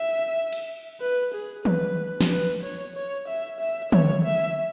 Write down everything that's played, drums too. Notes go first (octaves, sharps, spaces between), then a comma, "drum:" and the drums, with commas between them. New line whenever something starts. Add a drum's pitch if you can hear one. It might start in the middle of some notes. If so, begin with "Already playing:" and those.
Already playing: E5
drum: cymbal
B4
G#4
B4, drum: tom
drum: snare
B4
C#5
C#5
E5
E5
C#5, drum: tom
E5